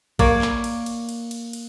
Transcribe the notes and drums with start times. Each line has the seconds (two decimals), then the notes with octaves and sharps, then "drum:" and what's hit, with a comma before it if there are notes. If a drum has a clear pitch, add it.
0.19 A#3 C#5 D5, drum: kick A1, cymbal
0.42 drum: clap
0.64 drum: cymbal
0.86 drum: cymbal
1.09 drum: cymbal
1.31 drum: cymbal
1.53 drum: cymbal